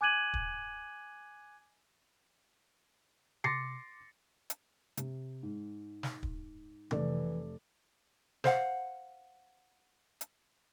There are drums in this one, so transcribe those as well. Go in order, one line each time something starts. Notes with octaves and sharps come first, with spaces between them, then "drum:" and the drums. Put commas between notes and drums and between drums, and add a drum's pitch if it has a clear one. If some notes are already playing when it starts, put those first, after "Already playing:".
G#5 D6 F#6 G#6 D#7 F#7
drum: kick
C6 D6 A6 A#6 C7 C#7, drum: tom C3
drum: hi-hat
C3, drum: hi-hat
G#2
drum: snare
drum: kick
F1 E3 A3 D5, drum: tom C3
C5 F5 F#5, drum: snare
drum: hi-hat